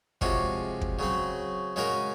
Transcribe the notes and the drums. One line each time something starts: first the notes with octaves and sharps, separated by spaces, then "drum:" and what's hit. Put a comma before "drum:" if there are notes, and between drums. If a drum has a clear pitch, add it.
C3 F3 G#3 C#4 F#4, drum: kick
drum: kick
C#3 F#3 C4
C#3 G#3 C#4 F#4 A#4